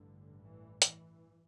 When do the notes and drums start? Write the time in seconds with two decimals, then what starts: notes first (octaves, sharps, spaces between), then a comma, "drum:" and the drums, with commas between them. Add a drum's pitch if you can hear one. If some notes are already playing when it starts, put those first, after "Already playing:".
Already playing: A1 G2 D3
0.44 E3
0.82 E3, drum: hi-hat